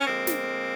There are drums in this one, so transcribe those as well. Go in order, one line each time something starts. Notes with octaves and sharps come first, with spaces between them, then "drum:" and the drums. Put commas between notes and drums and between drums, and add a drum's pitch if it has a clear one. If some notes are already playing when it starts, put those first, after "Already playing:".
C#4
D3 F3 G#3 A#3 C4
drum: snare